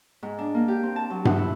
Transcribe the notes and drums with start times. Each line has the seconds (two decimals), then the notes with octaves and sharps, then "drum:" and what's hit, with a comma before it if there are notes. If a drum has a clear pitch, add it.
0.23 G#2
0.38 D4
0.54 A#3
0.68 G4
0.83 C4
0.96 A5
1.10 F#3
1.25 F#5, drum: tom G2
1.37 E4